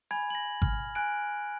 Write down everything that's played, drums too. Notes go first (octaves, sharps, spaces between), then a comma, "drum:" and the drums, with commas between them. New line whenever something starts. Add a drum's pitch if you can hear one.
G#5 B5 G#6
A#6 F#7
F6, drum: kick G#1
G#5 F#6 G#6 D7